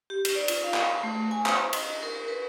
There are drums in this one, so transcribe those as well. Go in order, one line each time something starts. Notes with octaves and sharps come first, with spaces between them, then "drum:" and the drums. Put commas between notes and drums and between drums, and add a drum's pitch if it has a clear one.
G4
drum: cymbal
D5
F4, drum: cymbal
F5
drum: clap
A3
G#5
C5, drum: clap
D#5, drum: cymbal
A#4
B4